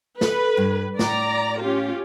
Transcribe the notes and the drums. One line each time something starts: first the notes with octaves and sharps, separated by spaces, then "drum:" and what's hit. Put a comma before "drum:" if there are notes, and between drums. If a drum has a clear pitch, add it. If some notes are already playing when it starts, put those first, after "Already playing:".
A4 B4, drum: snare
G2
A2 D5 A#5, drum: snare
C#4 F4 G4